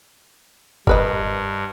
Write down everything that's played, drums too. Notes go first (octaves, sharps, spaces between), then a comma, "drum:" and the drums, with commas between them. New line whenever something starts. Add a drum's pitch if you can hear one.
G2 A#4 B4 D#5, drum: kick F1